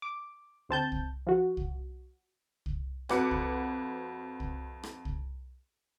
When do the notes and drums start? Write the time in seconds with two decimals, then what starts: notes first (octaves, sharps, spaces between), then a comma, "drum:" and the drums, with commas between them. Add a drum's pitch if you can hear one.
0.02 D6
0.69 D2 C4 A5 G6
0.92 drum: kick C2
1.27 F3 F#4
1.57 drum: kick C2
2.66 drum: kick C2
3.09 F2 F#4 B4 D6 F#6 C#7, drum: rim click
3.31 drum: kick C2
4.40 drum: kick C2
4.83 drum: rim click
5.05 drum: kick C2